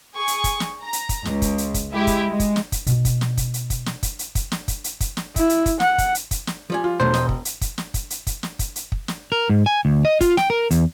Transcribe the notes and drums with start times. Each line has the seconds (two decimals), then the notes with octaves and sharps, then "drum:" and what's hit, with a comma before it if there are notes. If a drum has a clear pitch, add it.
0.16 G#4 C#6
0.28 drum: hi-hat
0.44 drum: kick, hi-hat
0.60 drum: snare
0.83 A#5
0.93 drum: hi-hat
1.09 drum: kick, hi-hat
1.25 C#2, drum: snare
1.42 drum: kick, hi-hat
1.58 drum: hi-hat
1.74 drum: kick, hi-hat
1.94 G#3 E4 G4
2.07 drum: kick, hi-hat
2.29 G#3
2.40 drum: kick, hi-hat
2.56 drum: snare
2.72 drum: kick, hi-hat
2.87 B2 D#4, drum: hi-hat
3.05 drum: kick, hi-hat
3.21 drum: snare
3.37 drum: kick, hi-hat
3.54 drum: hi-hat
3.70 drum: kick, hi-hat
3.86 drum: snare
4.03 drum: kick, hi-hat
4.19 drum: hi-hat
4.35 drum: kick, hi-hat
4.52 drum: snare
4.68 drum: kick, hi-hat
4.84 drum: hi-hat
5.01 drum: kick, hi-hat
5.17 drum: snare
5.36 E4, drum: kick, hi-hat
5.49 drum: hi-hat
5.66 drum: kick, hi-hat
5.80 F#5, drum: snare
5.98 drum: kick, hi-hat
6.15 drum: hi-hat
6.31 drum: kick, hi-hat
6.47 drum: snare
6.70 F3 G3 G#5
6.84 F4
7.00 E1 F#3 A3 D4 C5
7.14 D#5 G5, drum: snare
7.29 drum: kick
7.45 drum: hi-hat
7.61 drum: kick, hi-hat
7.78 drum: snare
7.94 drum: kick, hi-hat
8.10 drum: hi-hat
8.27 drum: kick, hi-hat
8.43 drum: snare
8.59 drum: kick, hi-hat
8.76 drum: hi-hat
8.92 drum: kick
9.08 drum: snare
9.32 A#4
9.49 G#2
9.66 G#5
9.85 D2
10.05 D#5
10.21 F4, drum: kick, hi-hat
10.37 G5, drum: snare
10.50 A#4
10.71 E2, drum: hi-hat